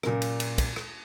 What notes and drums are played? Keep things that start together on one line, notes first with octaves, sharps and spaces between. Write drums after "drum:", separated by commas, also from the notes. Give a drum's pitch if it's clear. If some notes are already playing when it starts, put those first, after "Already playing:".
F#2 A#2 A#4, drum: rim click
drum: cymbal
drum: cymbal
drum: kick, cymbal
drum: rim click